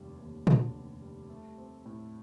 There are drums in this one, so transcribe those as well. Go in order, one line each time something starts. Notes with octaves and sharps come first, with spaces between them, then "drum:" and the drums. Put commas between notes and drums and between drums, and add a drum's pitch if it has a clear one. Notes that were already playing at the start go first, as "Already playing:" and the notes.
Already playing: F1 D#2 D3 G3
D#2
D3, drum: tom A#2
F1
G3
A3
C4
A2